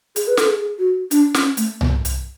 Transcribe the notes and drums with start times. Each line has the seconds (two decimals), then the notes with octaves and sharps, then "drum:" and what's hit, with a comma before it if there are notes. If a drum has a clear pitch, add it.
0.16 G#4, drum: hi-hat
0.28 B4
0.37 A4, drum: snare
0.49 G#4
0.79 F#4
1.11 D4, drum: hi-hat
1.34 C#4, drum: snare
1.57 A3, drum: hi-hat
1.81 B3, drum: tom C2
2.05 drum: hi-hat